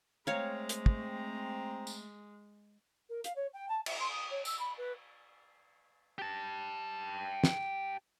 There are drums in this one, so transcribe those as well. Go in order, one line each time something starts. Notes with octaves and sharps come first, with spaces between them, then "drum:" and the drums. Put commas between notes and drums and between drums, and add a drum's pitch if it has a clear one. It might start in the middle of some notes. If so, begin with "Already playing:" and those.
G#3 A3 C4 C#5 F5 A#5
drum: hi-hat
drum: kick
drum: tambourine
A#4
F5, drum: hi-hat
C#5
G5
A5
E5, drum: cymbal
C6
D#6
C#5
E6, drum: tambourine
B5
B4
G4 A5
drum: snare